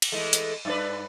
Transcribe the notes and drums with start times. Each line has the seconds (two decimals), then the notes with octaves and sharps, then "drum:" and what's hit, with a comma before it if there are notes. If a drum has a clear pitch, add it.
0.02 drum: cymbal
0.12 E3 G#3 A3
0.33 drum: hi-hat
0.65 G2 D4 B4